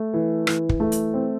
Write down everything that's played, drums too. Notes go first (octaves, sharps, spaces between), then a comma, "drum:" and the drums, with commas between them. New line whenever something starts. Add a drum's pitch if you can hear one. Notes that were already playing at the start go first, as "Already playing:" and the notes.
Already playing: A3
E3
E3, drum: rim click
drum: kick
A3
drum: hi-hat
C4